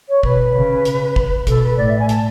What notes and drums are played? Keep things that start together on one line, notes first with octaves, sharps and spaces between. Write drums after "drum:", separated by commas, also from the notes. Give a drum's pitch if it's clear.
C#5
B2 B4, drum: kick
C#3
drum: hi-hat
drum: kick
B2 A4, drum: kick, hi-hat
B4
A2 D5
E5
G#5
A5, drum: hi-hat